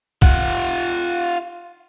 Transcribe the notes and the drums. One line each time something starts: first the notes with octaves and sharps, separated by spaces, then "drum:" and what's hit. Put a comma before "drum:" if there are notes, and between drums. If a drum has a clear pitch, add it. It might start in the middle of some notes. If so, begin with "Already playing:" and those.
F4 F#5, drum: kick